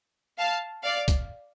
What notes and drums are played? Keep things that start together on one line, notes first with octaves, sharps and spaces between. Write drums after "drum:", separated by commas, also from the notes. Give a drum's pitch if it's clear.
F5 A5
D5 F5
drum: kick, hi-hat